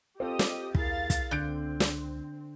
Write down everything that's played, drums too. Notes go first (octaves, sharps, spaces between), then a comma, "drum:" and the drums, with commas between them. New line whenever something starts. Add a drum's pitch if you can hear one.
C4 F4 G4 A4 D#5 D#6
drum: snare
D#2 E4 G#4 A#4 F5 A6, drum: kick
drum: kick, hi-hat
C#2 D3 C4 F#6 G6 D7
drum: snare